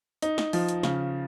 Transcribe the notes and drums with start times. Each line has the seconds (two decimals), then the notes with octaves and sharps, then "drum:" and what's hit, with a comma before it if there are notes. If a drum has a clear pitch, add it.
0.22 D#4, drum: hi-hat
0.38 drum: snare
0.53 F3, drum: open hi-hat
0.69 drum: hi-hat
0.83 C#3, drum: snare